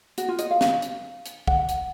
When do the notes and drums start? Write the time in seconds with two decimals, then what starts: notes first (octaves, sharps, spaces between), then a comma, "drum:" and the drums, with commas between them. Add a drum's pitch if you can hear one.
0.18 F#4, drum: hi-hat
0.28 F4
0.39 D#5, drum: hi-hat
0.51 F5
0.61 drum: snare
0.82 drum: hi-hat
1.26 drum: hi-hat
1.47 F#5, drum: kick
1.69 drum: hi-hat